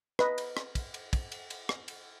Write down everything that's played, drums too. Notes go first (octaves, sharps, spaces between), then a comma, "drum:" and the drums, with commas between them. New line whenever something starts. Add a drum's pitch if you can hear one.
B4 D#5, drum: rim click
drum: cymbal
drum: rim click
drum: kick, cymbal
drum: cymbal
drum: kick, cymbal
drum: cymbal
drum: cymbal
drum: rim click
drum: cymbal